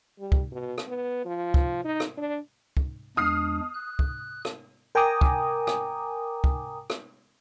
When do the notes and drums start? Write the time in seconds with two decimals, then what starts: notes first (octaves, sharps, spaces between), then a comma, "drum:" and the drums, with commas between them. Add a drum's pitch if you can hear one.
0.19 G3
0.32 drum: kick
0.52 B2
0.78 drum: rim click
0.87 B3
1.25 F3
1.54 drum: kick
1.85 D#4
2.00 drum: rim click
2.18 D4
2.77 drum: kick
3.17 E2 G#3 D4 D#6 F6 C7
3.74 F#6
3.99 drum: kick
4.45 drum: rim click
4.95 A#4 G5 G#5 A#5 D6 D#6
5.21 drum: kick
5.67 drum: rim click
6.44 drum: kick
6.90 drum: rim click